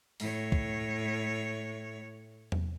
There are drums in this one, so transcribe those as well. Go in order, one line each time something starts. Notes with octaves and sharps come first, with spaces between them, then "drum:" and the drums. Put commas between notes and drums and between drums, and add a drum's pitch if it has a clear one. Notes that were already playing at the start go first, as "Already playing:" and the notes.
A2 C#5, drum: open hi-hat
drum: kick
drum: tom E2